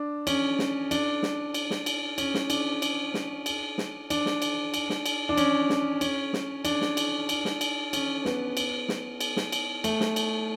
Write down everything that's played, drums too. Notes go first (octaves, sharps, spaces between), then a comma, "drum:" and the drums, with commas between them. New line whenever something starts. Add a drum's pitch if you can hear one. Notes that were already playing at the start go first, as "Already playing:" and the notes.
Already playing: D4
C#4, drum: cymbal
drum: snare
D4, drum: cymbal
drum: snare
drum: cymbal
drum: snare
drum: cymbal
C#4, drum: cymbal
drum: snare
D4, drum: cymbal
drum: cymbal
drum: snare
drum: cymbal
drum: snare
D4, drum: cymbal
drum: snare
drum: cymbal
drum: cymbal
drum: snare
drum: cymbal
D4
C#4, drum: cymbal
drum: snare
C#4, drum: cymbal
drum: snare
D4, drum: cymbal
drum: snare
drum: cymbal
drum: cymbal
drum: snare
drum: cymbal
C#4, drum: cymbal
B3, drum: snare
drum: cymbal
drum: snare
drum: cymbal
drum: snare
drum: cymbal
A3, drum: cymbal
drum: snare
drum: cymbal